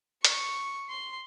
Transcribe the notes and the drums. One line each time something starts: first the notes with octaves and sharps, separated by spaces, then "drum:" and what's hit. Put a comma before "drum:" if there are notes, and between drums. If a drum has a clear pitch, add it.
C#6, drum: hi-hat
C6